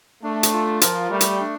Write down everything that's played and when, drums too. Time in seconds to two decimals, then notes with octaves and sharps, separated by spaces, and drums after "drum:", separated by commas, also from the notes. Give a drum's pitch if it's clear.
0.23 A3 D4
0.43 drum: hi-hat
0.53 F4
0.81 F3 A#4, drum: hi-hat
1.10 G3 A3
1.21 drum: hi-hat
1.40 D4